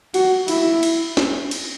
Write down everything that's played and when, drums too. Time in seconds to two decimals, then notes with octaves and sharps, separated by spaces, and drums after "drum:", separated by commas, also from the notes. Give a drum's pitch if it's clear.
0.14 F#4, drum: cymbal
0.48 E4, drum: cymbal
0.83 drum: cymbal
1.17 drum: snare
1.51 drum: cymbal